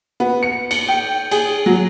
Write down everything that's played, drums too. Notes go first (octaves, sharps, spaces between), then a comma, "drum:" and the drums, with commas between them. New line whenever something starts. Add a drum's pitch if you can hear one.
B3
C#7
C#7, drum: cymbal
G5
G#4, drum: cymbal
F#3